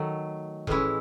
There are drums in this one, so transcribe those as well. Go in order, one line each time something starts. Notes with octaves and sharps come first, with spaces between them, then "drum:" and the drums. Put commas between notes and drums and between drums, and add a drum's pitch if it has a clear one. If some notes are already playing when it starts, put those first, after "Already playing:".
Already playing: D#3 F#3 A3
A2 E3 G#3 C#4 E4, drum: kick E1